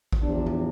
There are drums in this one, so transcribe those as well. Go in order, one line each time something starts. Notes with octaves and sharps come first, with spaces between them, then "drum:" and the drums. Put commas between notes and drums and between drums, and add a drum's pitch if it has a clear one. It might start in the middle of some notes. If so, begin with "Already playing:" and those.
drum: kick
E2 C3 F3 D4
drum: tom A2